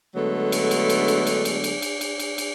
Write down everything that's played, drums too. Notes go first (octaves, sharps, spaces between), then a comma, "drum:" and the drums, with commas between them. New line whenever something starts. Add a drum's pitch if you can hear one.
D3 F#3 G#3 A3 B3
drum: cymbal
drum: cymbal
drum: cymbal
drum: cymbal
drum: cymbal
drum: cymbal
drum: cymbal
drum: cymbal
drum: cymbal
drum: cymbal
drum: cymbal